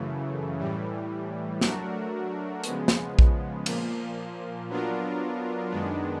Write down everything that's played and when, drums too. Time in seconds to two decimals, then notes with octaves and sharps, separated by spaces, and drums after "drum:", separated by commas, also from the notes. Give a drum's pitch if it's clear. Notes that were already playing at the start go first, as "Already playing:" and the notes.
Already playing: F#2 C#3 E3 A3
0.59 A2 E3 G3
1.61 F#3 A3 D4 F#4 A#4, drum: snare
2.64 C#3 F3 G#3 B3, drum: hi-hat
2.88 drum: snare
3.19 drum: kick A#1
3.66 A#2 F3 A#3, drum: cymbal
4.69 F#3 B3 D4 F4 A#4
5.71 F#2 D#3 G#3 B3 D4